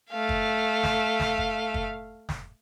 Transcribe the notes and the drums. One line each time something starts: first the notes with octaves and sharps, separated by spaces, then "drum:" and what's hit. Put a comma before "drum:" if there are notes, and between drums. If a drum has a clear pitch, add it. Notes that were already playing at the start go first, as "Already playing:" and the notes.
A3 F5
drum: kick
drum: snare
drum: snare
drum: kick
drum: kick
drum: snare